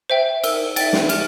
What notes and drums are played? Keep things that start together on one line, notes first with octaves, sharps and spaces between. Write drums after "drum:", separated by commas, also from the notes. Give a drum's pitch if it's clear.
C5 E5 G5
A#4 E6, drum: cymbal
E5 G5 A6, drum: cymbal
drum: snare
G4 F6, drum: cymbal